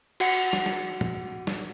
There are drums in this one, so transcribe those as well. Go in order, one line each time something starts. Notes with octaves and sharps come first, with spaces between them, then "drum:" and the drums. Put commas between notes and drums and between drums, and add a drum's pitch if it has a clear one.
F#4 F#5 C#7, drum: cymbal
drum: snare
drum: snare
drum: tom
drum: snare